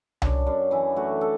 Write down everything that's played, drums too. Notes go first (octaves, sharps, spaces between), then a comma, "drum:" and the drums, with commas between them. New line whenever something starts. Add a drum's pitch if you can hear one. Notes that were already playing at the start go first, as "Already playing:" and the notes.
F#2 D4, drum: tom C2
F#2 D4
E3 E4
A3 F#4
A4